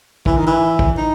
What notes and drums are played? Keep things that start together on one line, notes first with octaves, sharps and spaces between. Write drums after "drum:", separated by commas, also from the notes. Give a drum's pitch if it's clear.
E3, drum: kick
D#3
E3
drum: kick
D#4